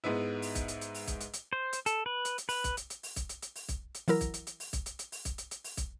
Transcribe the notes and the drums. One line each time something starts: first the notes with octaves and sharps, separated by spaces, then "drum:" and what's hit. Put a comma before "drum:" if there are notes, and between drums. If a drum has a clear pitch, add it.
G#2 G#3 B3 E4
drum: open hi-hat
drum: kick, hi-hat
drum: hi-hat
drum: hi-hat
drum: open hi-hat
drum: kick, hi-hat
drum: hi-hat
drum: hi-hat
C5
drum: hi-hat
A4, drum: hi-hat
B4
drum: hi-hat
drum: hi-hat
B4, drum: open hi-hat
drum: kick, hi-hat
drum: hi-hat
drum: hi-hat
drum: open hi-hat
drum: kick, hi-hat
drum: hi-hat
drum: hi-hat
drum: open hi-hat
drum: kick, hi-hat
drum: hi-hat
E3 F#3 E4 A#4, drum: open hi-hat
drum: kick, hi-hat
drum: hi-hat
drum: hi-hat
drum: open hi-hat
drum: kick, hi-hat
drum: hi-hat
drum: hi-hat
drum: open hi-hat
drum: kick, hi-hat
drum: hi-hat
drum: hi-hat
drum: open hi-hat
drum: kick, hi-hat